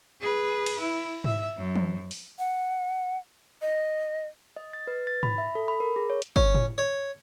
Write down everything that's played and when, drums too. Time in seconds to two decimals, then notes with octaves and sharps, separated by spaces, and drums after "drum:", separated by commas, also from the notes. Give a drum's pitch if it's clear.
0.21 G#4 B4
0.66 drum: cymbal
0.79 E4
1.24 E5, drum: tom G#2
1.57 F#2
1.75 drum: tom E3
2.11 drum: open hi-hat
2.39 F#5
3.62 D#5
4.56 D#5
4.73 A6
4.87 B4
5.07 A6
5.23 B5, drum: tom G#2
5.38 E5
5.55 A4
5.68 B5
5.80 A#4
5.96 G#4
6.10 C#5
6.22 drum: hi-hat
6.36 C#4, drum: kick
6.54 drum: tom A2
6.78 C#5